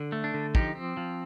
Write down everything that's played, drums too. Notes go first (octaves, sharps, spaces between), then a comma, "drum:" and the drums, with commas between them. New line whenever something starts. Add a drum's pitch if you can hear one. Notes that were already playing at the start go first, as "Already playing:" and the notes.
Already playing: D3
A3
D4
D3
F3 D#4 G4, drum: kick
C4
F3